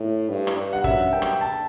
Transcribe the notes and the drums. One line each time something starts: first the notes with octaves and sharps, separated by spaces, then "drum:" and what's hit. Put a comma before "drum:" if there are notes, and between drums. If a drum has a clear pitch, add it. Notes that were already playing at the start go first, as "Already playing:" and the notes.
Already playing: A2
G2
drum: rim click
G2
F#5
F#2 E5, drum: kick
G2 G5
drum: rim click
A5